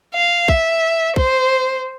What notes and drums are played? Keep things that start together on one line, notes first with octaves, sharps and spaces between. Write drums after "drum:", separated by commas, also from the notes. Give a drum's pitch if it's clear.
F5
E5, drum: kick
C5, drum: kick